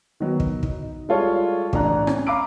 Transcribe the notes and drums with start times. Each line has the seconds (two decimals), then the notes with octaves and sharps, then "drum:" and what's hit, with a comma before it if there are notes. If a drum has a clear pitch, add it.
0.20 D#3 F#3 B3
0.40 drum: kick
0.63 D#4, drum: kick
1.09 G3 G#3 F4 A4 C#5
1.73 A1 D4 A#5 F#6, drum: kick
2.07 C#4, drum: rim click
2.27 F5 A#5 B5 D6 E6 D7